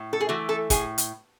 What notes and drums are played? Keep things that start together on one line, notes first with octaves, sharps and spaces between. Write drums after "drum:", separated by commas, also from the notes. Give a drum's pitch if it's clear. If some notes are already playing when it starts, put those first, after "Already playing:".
Already playing: A2
A4
G#4
E3 A3 F#4
A4
A2 G#4, drum: kick, hi-hat
drum: hi-hat